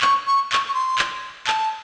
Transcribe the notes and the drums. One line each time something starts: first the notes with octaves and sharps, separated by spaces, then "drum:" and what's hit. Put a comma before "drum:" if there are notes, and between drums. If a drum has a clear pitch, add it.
C#6, drum: clap
C#6
C#6, drum: clap
C#6
C6
drum: clap
A5, drum: clap